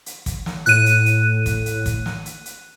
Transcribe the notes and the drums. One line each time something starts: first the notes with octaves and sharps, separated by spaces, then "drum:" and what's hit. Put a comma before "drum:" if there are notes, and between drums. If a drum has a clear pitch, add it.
drum: hi-hat
drum: kick, hi-hat
drum: snare
A2 F#6 D#7, drum: hi-hat
drum: hi-hat
drum: hi-hat
drum: kick, hi-hat
drum: hi-hat
drum: kick, hi-hat
drum: snare
drum: hi-hat
drum: hi-hat